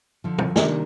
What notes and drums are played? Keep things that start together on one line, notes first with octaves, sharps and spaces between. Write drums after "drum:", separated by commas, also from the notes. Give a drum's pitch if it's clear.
D3 F3
drum: tom
C3 D#3 G3 A#3 D4, drum: snare